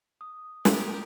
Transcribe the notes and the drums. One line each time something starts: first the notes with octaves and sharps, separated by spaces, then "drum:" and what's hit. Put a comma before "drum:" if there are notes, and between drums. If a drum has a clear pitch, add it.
D#6
G4 A#4, drum: snare